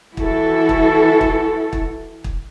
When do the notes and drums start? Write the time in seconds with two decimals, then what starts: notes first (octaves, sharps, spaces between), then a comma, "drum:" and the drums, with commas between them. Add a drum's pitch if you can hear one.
0.17 E3 E4 F#4 A4, drum: kick
0.69 drum: kick
1.21 drum: kick
1.73 drum: kick
2.24 drum: kick